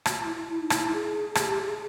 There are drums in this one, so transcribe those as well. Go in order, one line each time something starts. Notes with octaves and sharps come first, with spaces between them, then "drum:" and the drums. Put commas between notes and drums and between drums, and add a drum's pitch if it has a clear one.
F#4, drum: rim click
F4
E4
F4
E4
D#4
E4, drum: rim click
G#4
G4, drum: rim click
G4
G#4